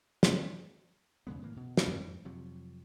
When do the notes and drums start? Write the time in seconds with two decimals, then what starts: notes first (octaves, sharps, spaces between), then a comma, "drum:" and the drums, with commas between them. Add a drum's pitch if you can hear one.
0.23 drum: snare
1.27 E2 C#3 G#3 B3
1.42 A2 E3 A#3
1.56 B2
1.77 drum: snare
1.87 F2 G#2
2.25 F2 C3 F#3